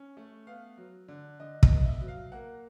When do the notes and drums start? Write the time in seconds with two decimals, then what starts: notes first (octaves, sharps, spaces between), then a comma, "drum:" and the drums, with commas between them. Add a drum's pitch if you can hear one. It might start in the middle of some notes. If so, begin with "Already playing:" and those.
Already playing: C#4
0.17 A3
0.47 B3 F5
0.78 F#3
1.08 D3
1.40 D3 D#5
1.63 D#5, drum: kick
1.71 B3
1.85 E5
2.01 F#3
2.08 F5
2.32 A#3 F#5